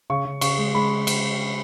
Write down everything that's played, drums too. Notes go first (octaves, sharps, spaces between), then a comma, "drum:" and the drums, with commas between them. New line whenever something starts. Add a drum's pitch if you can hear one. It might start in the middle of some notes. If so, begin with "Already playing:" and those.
C#3 C#6
C#3
C#3 C#6, drum: cymbal
G#3
G#3 B5
drum: cymbal